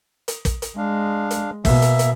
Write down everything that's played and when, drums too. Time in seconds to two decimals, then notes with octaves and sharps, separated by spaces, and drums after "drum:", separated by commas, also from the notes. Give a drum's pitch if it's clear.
0.28 drum: hi-hat
0.45 drum: kick, hi-hat
0.62 drum: hi-hat
0.77 G#3 D4 F5
1.31 drum: hi-hat
1.65 B2 A#3 E5, drum: kick, open hi-hat
1.82 drum: hi-hat
1.99 drum: hi-hat